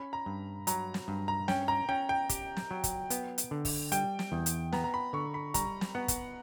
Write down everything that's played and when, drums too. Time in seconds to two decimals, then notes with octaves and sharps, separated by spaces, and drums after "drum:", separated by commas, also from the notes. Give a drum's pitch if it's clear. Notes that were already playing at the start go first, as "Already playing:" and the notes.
Already playing: C#4 B5
0.13 A#5
0.26 G2
0.67 F#3 A#5, drum: hi-hat
0.94 drum: snare
1.08 G2
1.28 A#5
1.48 C#4 G5, drum: snare
1.68 A#5
1.89 C#4 G5
2.09 G5
2.29 G4, drum: kick, hi-hat
2.56 drum: snare
2.71 F#3
2.84 drum: kick, hi-hat
3.10 B3, drum: hi-hat
3.38 drum: hi-hat
3.51 D3
3.65 drum: kick, open hi-hat
3.92 G3 G5, drum: hi-hat
4.19 drum: snare
4.32 E2
4.46 drum: hi-hat
4.72 B3 A#5, drum: snare
4.84 A#5
4.94 B5
5.13 D3 C#6
5.34 B5
5.54 G3 A#5, drum: kick, hi-hat
5.81 drum: snare
5.95 B3 F#5
6.08 drum: kick, hi-hat